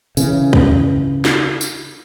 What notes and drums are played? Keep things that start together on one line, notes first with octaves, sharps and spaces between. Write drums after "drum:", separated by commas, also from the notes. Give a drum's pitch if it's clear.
C#3 E3, drum: tambourine
drum: kick
drum: snare
drum: tambourine